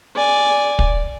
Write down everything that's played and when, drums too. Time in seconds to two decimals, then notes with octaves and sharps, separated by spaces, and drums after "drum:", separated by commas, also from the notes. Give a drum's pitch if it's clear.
0.16 D5 G#5
0.79 drum: kick